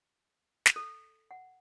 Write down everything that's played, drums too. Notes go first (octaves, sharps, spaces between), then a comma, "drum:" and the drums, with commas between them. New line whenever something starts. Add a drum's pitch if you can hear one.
drum: snare
A4
F#5